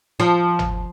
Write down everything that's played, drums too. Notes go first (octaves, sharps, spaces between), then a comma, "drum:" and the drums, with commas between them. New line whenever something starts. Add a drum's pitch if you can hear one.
F3
drum: tom